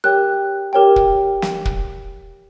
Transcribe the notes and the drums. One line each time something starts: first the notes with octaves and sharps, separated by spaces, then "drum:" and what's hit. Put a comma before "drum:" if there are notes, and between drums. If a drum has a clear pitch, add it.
G4 A#4 C#5 G5 F#6
G4 A#4 C#5 G5
drum: kick
drum: snare
drum: kick